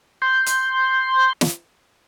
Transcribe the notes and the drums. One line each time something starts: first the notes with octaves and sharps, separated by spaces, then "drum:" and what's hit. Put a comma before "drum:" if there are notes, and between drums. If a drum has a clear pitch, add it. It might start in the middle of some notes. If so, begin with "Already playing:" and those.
C6 G6
drum: hi-hat
drum: snare